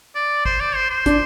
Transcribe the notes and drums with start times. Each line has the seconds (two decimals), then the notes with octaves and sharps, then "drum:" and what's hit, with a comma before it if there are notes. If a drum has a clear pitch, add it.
0.16 D5
0.46 C5, drum: kick
0.61 D5
0.76 C5
0.90 C5
1.06 D4, drum: kick, hi-hat